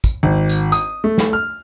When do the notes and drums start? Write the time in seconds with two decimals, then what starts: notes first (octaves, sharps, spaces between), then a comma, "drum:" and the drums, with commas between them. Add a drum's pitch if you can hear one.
0.04 drum: kick, tambourine
0.23 G#1
0.49 drum: tambourine
0.72 D#6, drum: tambourine
1.04 A3
1.18 drum: snare
1.33 F6